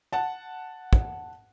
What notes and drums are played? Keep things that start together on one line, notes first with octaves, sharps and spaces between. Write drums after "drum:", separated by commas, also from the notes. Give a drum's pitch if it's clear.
F#5 A5
drum: kick